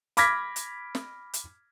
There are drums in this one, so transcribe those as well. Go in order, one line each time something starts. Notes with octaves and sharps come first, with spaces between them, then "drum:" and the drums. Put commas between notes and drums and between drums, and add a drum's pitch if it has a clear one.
B5 D6 F6 G#6 A#6 B6, drum: hi-hat
drum: hi-hat
drum: snare
drum: hi-hat